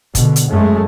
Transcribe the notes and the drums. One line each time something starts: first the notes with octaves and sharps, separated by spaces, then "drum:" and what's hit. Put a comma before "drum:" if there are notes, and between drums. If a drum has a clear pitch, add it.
B2 D3, drum: kick, hi-hat
drum: hi-hat
F#2 G#3 A3